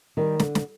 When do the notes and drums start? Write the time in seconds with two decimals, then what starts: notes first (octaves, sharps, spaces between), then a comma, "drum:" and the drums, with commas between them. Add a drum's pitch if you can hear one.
0.17 D#3 G3
0.40 D3, drum: snare
0.55 drum: snare